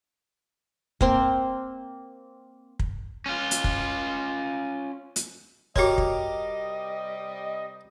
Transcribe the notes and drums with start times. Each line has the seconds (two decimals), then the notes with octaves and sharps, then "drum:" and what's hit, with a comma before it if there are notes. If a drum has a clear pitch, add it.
1.01 A#3 C4 C6, drum: kick
2.79 drum: kick
3.26 C#4 F4
3.51 drum: hi-hat
3.64 drum: kick
5.16 drum: hi-hat
5.76 C3 G3 F#4 G4 A#4 C#5 D#5 C6, drum: kick
5.98 drum: kick